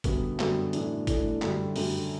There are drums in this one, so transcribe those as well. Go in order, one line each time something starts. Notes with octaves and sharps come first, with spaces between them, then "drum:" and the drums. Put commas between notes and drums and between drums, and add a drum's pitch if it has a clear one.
F#2 D3 G3 B3 F#4, drum: kick G#1, hi-hat
F#2 D3 G3 B3 F#4, drum: clap
A2 E3 A3 D4, drum: hi-hat
A2 E3 A3 D4, drum: kick G#1, hi-hat
F#2 D3 G3, drum: clap
F#2 D3 G3, drum: open hi-hat